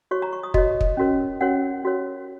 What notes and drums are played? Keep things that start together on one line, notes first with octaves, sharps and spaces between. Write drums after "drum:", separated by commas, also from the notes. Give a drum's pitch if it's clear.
F#4 C#5 C#6
A#5
C#6
D#6
F#4 C#5 D#5, drum: kick
drum: kick
C#4 F#4 A#4 C#5
C#4 F#4 A#4 C#5 F#5
C#4 F#4 A#4 C#5